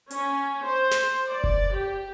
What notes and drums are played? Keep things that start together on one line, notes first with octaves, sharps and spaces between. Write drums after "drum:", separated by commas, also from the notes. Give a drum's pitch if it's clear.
C#4, drum: hi-hat
C5
drum: snare
D5
drum: kick F#1
G4